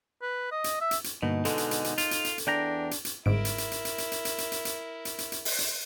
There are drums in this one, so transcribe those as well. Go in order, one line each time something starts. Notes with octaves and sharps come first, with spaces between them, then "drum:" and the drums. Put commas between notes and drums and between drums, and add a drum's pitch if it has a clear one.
B4
D#5
drum: hi-hat
E5
drum: hi-hat
drum: hi-hat
G2 B2 D3 A#3 D#4
B2 D3 G#3 A4, drum: hi-hat
drum: hi-hat
drum: hi-hat
drum: hi-hat
F4, drum: hi-hat
drum: hi-hat
drum: hi-hat
drum: hi-hat
E2 D4 G5 A#5
drum: hi-hat
drum: hi-hat
G1 G#2 E4 A#4 D7
drum: hi-hat
drum: hi-hat
drum: hi-hat
drum: hi-hat
drum: hi-hat
drum: hi-hat
drum: hi-hat
drum: hi-hat
drum: hi-hat
drum: hi-hat
drum: hi-hat
drum: hi-hat
drum: hi-hat
drum: open hi-hat
drum: hi-hat